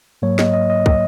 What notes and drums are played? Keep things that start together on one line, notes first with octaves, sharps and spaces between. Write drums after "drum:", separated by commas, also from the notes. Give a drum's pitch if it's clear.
G#2 F#3 A#3 C#5
D#5, drum: snare
D#5
D#5
D#5, drum: kick